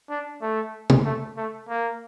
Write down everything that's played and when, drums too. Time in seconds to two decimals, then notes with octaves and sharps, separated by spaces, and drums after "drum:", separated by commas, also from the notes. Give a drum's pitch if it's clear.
0.10 D4
0.42 A3
0.90 drum: tom
1.05 A3
1.37 A3
1.68 A#3